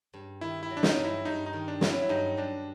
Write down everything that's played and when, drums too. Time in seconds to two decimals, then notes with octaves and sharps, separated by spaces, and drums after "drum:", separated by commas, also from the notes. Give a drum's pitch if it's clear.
0.13 G2
0.41 D#3 E4
0.63 E4
0.70 F#3
0.77 D4
0.83 D#4, drum: snare
0.98 G2
1.04 E4
1.25 G2 D#4
1.46 D#4
1.53 D#3
1.68 D4
1.81 F#3, drum: snare
1.89 E4
2.02 E4
2.09 G2 D#4
2.37 G2 D4